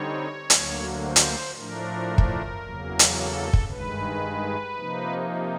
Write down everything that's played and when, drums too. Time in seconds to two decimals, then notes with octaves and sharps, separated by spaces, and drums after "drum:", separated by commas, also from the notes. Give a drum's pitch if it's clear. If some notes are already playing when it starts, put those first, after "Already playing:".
Already playing: D3 G3 C4 D#4 C#5
0.50 D2 D3 F#3 A#3, drum: hi-hat
1.03 C5
1.16 drum: hi-hat
1.56 A2 F3 A3 D4 A#4
2.18 drum: kick
2.64 E2 C#3 F#3 A#3
2.99 drum: hi-hat
3.17 A4
3.53 drum: kick
3.70 G2 D#3 G#3 B4
4.77 C3 F3 A#3 D#4